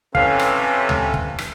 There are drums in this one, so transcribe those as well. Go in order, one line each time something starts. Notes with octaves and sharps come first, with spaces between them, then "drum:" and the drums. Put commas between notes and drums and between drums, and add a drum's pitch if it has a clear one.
C3 E3 C#4 A4 B4 F5, drum: kick
drum: rim click
drum: tom D2
drum: kick
drum: rim click